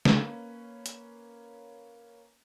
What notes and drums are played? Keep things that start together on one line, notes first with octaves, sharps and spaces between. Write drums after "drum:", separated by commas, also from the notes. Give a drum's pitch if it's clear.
A#3 C#4 B4 C#5, drum: snare
drum: hi-hat